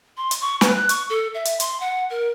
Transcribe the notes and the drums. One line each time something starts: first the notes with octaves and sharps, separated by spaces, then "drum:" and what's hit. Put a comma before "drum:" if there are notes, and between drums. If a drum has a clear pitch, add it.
C6
drum: hi-hat
C#6
B4, drum: snare
F#6
C#6, drum: hi-hat
A4
E5
drum: hi-hat
C6, drum: hi-hat
F#5
A#4